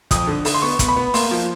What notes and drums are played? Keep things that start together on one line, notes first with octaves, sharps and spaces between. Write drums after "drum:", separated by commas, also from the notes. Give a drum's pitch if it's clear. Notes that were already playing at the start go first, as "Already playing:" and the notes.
F2 D#6, drum: kick, hi-hat
D3
D3, drum: open hi-hat
C6
B3 C#6
B3, drum: kick, hi-hat
B5
B3
A#3 C6, drum: open hi-hat
F3